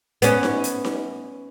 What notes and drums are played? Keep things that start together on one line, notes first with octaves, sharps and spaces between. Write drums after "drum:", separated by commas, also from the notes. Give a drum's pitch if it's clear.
B3 C#4, drum: hi-hat
drum: snare D#4
drum: hi-hat
drum: snare D#4